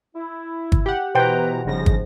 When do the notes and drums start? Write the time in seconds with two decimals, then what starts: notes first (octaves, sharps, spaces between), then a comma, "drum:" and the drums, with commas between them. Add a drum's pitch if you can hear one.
0.15 E4
0.72 drum: kick
0.86 G4 F#5
1.15 B2 E3 B4 C5 G5 A#5
1.65 G1 G#2 C#3 F3 A#6
1.86 drum: kick